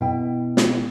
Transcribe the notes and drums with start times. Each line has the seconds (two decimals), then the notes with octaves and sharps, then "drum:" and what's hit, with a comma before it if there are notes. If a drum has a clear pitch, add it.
0.01 B2 E4 G5
0.57 drum: snare